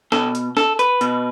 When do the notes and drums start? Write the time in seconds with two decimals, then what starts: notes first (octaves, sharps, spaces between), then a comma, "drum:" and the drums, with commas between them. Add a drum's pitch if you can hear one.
0.12 B2 A4, drum: snare
0.35 drum: hi-hat
0.57 A4, drum: snare
0.79 B4, drum: hi-hat
1.01 B2, drum: hi-hat